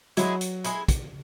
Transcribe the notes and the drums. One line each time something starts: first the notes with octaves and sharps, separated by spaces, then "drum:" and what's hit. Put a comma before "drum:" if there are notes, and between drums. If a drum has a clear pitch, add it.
F#3 G#3 E4 G#4, drum: hi-hat
drum: hi-hat
G#3 E4 G#4, drum: hi-hat
drum: kick, hi-hat